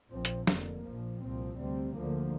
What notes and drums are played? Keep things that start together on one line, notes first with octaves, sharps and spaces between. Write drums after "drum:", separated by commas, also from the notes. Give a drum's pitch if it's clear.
A#1 A#2 F3 C4
drum: hi-hat
F1 F2 D3 A#3, drum: snare
A#1 A#2 F3
C2 A#2 F3 C4
D2 C3 G3 C4
D2 D3 F3 A#3